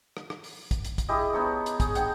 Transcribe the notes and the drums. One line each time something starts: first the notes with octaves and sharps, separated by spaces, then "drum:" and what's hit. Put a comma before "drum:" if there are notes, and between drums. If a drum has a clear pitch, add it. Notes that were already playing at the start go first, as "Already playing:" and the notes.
drum: rim click
drum: rim click
drum: open hi-hat
drum: kick, hi-hat
drum: hi-hat
drum: kick, hi-hat
E4 G4 G#4 D#5
B3 D#4 C#5 A5
drum: hi-hat
G#4, drum: kick, hi-hat
F#5 G5 A5, drum: hi-hat